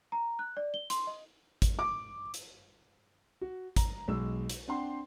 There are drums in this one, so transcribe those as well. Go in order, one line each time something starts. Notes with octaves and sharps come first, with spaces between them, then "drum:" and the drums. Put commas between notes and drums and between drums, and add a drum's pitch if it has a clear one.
A#5
F#6
D5
G7
C6, drum: hi-hat
D#5
drum: kick G#1, hi-hat
D6
drum: hi-hat
F#4
A#5, drum: kick G#1, hi-hat
B1 G#3 E6
drum: hi-hat
C4 D4 F#5 G5 C6